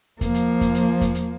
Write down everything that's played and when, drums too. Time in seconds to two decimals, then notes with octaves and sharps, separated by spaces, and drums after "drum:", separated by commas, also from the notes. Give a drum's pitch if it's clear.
0.21 F3 A#3, drum: kick E2, hi-hat
0.34 drum: hi-hat
0.61 drum: kick E2, hi-hat
0.74 drum: hi-hat
1.01 drum: kick E2, hi-hat
1.15 drum: hi-hat